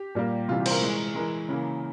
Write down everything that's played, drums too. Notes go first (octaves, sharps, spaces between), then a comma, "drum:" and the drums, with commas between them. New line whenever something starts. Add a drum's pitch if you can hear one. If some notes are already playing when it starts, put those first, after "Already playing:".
Already playing: G4
A#2 G3 A#3
C3 E3 G3 F4
G4
C5, drum: cymbal
A#4
E3 G#3
E3 G#3 A#4
C#3 E3 A#3